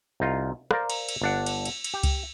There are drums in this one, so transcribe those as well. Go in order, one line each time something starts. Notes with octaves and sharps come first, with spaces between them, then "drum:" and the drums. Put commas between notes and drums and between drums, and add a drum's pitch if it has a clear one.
C2 D#4 F4
A#4 C5 D5 F5, drum: rim click
drum: cymbal
drum: cymbal
G1 D4 F#5
drum: cymbal
drum: cymbal
drum: cymbal
G4
drum: kick C#2, cymbal